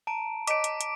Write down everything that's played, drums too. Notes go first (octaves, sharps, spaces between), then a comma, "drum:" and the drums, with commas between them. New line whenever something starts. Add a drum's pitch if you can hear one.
A5 A#5 D7
C#5 D#5 D6 B6 D7 D#7, drum: hi-hat
drum: hi-hat
drum: hi-hat